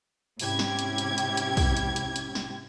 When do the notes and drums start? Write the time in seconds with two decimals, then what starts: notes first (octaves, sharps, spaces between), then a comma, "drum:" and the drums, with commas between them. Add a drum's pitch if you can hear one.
0.39 G#2 C3 C#4 E4 G4 G#6, drum: open hi-hat
0.59 drum: snare
0.79 drum: hi-hat
0.98 drum: hi-hat
1.18 drum: hi-hat
1.37 drum: hi-hat
1.57 drum: kick, open hi-hat
1.77 drum: hi-hat
1.96 drum: hi-hat
2.16 drum: hi-hat
2.35 drum: snare